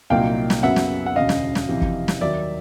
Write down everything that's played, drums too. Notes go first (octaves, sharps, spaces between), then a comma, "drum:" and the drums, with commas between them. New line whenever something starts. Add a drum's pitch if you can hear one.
C2 A#2 F#3 A#3 D#4 F5 G5
drum: snare
F#2 C#3 F#3 B3 E5 F#5
drum: snare
F#5
E1 D2 C#3 D#5 F5
drum: snare
drum: snare
F2 C3 E3
drum: kick
drum: snare
D#2 D#3 F#3 D5 E5